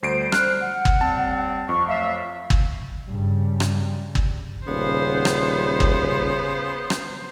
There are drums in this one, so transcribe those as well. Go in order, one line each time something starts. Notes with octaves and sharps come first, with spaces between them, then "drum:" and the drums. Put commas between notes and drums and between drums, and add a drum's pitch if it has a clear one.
D2 G3 C5 C7 D7
F6 F#6, drum: rim click
F#5
drum: kick
D#2 G3 C4 A5
F2 C#6
F#3 A3 E5 F5
drum: kick
G2 C#3 G3
drum: rim click
drum: kick
D#1 C#3 B3 C5
drum: rim click
drum: kick
drum: rim click